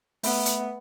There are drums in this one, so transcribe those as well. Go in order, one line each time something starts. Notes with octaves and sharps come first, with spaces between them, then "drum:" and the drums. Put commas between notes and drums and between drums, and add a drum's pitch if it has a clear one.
A3 B3 E5 B5, drum: open hi-hat
drum: hi-hat